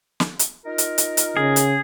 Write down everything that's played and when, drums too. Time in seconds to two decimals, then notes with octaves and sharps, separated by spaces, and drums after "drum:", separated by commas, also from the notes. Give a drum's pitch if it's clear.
0.20 drum: snare
0.39 drum: hi-hat
0.66 D#4 F4 A#4
0.78 drum: hi-hat
0.98 drum: hi-hat
1.17 drum: hi-hat
1.37 C#3 G#4
1.56 drum: hi-hat